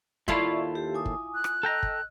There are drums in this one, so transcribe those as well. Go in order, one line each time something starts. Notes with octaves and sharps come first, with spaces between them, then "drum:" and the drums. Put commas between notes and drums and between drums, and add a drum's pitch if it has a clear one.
D#2 E4 F4 A4 D5 E5 C6 C#6, drum: kick
G4
G#5 D6 D#6
drum: kick
F#6
drum: rim click
A4 D#5 G5 A#5 E6
drum: kick